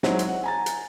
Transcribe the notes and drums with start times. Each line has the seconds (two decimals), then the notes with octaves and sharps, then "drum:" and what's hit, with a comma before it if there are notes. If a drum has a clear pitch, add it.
0.03 F#3 G#3 C4 D#4 E4, drum: snare
0.19 drum: hi-hat
0.28 F#5
0.43 G#5 A#5 A6
0.66 drum: hi-hat